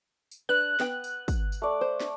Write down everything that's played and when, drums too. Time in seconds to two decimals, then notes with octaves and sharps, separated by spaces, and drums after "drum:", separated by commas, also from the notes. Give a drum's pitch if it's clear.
0.31 drum: tambourine
0.49 D4 B4 F#6
0.80 B3 G5, drum: snare
1.04 drum: tambourine
1.28 drum: kick, tambourine
1.52 drum: tambourine
1.62 A3 D5
1.81 C5
2.00 drum: snare